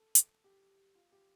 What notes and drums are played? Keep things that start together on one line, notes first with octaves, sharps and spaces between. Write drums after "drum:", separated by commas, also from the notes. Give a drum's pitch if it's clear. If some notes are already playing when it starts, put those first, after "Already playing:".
Already playing: A4
drum: hi-hat
G4
F4
G4